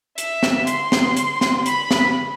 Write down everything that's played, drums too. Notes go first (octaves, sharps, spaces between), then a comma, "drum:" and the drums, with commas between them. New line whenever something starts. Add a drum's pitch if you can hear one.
E5, drum: hi-hat
drum: snare
C6, drum: hi-hat
drum: snare
drum: hi-hat
drum: snare
B5, drum: hi-hat
drum: snare